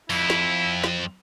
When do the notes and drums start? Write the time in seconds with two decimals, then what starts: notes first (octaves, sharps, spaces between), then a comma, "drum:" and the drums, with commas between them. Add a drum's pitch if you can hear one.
0.10 F2 E4, drum: open hi-hat
0.30 drum: snare
0.84 drum: snare